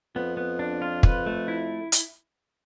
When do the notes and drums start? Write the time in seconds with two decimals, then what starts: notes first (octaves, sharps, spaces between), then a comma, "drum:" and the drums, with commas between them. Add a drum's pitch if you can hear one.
0.16 F2 B3
0.37 B3
0.59 D4
0.82 F4
1.03 B4, drum: kick
1.26 A3
1.48 E4
1.92 drum: hi-hat